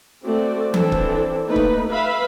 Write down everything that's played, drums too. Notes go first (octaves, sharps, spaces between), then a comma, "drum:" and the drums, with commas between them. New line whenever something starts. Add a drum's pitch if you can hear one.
A3 C4 F#4 D5
E3 C4 D4 A4, drum: tom E3
drum: kick C#1
A3 A#3 D#4 B4
drum: kick C#1
B4 E5 F5 B5